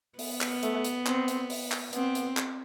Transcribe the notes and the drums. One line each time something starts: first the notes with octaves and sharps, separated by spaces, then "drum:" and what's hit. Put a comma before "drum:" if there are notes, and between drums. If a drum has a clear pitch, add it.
B3, drum: open hi-hat
drum: clap
A3, drum: hi-hat
drum: hi-hat
C4, drum: clap
drum: hi-hat
drum: open hi-hat
drum: clap
B3 C4, drum: hi-hat
drum: hi-hat
drum: clap